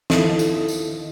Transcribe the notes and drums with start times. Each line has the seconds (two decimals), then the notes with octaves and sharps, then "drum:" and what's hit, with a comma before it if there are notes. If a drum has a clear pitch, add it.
0.10 D#3 E4 F4 A4 D#5, drum: snare
0.39 drum: tambourine
0.68 drum: tambourine